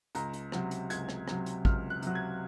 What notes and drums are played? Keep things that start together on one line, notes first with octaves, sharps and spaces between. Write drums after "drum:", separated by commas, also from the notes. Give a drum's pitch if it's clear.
C#2 A#5, drum: hi-hat
drum: hi-hat
C3 F#3, drum: rim click
drum: hi-hat
C#2 G#6, drum: hi-hat
drum: rim click
C3 F#3, drum: rim click
drum: hi-hat
C#2 F6, drum: kick
F#6
C3 F#3, drum: hi-hat
G#6